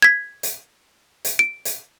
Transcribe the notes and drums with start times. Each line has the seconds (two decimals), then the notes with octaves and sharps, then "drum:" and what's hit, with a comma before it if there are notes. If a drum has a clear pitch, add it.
0.02 G#6 B6
0.43 drum: hi-hat
1.25 drum: hi-hat
1.39 D7
1.65 drum: hi-hat